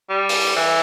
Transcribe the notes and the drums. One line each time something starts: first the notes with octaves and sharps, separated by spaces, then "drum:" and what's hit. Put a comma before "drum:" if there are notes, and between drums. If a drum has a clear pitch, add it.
G3
drum: open hi-hat
E3